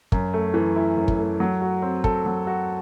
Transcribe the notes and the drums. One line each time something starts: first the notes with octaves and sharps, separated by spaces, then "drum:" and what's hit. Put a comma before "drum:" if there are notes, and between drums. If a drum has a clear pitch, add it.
F#2, drum: kick
A3
E3
E4
F#2
drum: kick
A3
F#3
F#4
C4
A4, drum: kick
F#3
F#4